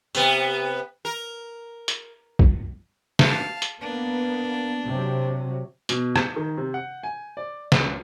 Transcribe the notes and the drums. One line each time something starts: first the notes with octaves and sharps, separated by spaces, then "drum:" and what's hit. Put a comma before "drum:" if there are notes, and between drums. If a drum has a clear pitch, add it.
C3 B3, drum: tambourine
A#4
drum: hi-hat
drum: kick A#1
F5 A5, drum: snare
drum: hi-hat
A#3 B3 D4
C3 F#3
B2, drum: hi-hat
G6, drum: rim click
D#3
C3
F#5
G#5
D5
C#2, drum: snare